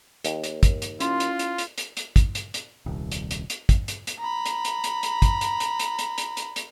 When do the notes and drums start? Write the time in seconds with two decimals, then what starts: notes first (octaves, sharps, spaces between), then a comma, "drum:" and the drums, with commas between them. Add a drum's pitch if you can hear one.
0.24 D#2, drum: hi-hat
0.44 drum: hi-hat
0.63 drum: kick, hi-hat
0.82 drum: hi-hat
1.00 C#4 E4 F4 C6, drum: hi-hat
1.20 drum: hi-hat
1.39 drum: hi-hat
1.58 drum: hi-hat
1.78 drum: hi-hat
1.97 drum: hi-hat
2.16 drum: kick, hi-hat
2.35 drum: hi-hat
2.54 drum: hi-hat
2.86 D#1 C2
3.12 drum: hi-hat
3.31 drum: hi-hat
3.50 drum: hi-hat
3.69 drum: kick, hi-hat
3.88 drum: hi-hat
4.07 drum: hi-hat
4.19 A#5 B5
4.46 drum: hi-hat
4.65 drum: hi-hat
4.84 drum: hi-hat
5.03 drum: hi-hat
5.22 drum: kick, hi-hat
5.41 drum: hi-hat
5.60 drum: hi-hat
5.79 drum: hi-hat
5.99 drum: hi-hat
6.18 drum: hi-hat
6.37 drum: hi-hat
6.56 drum: hi-hat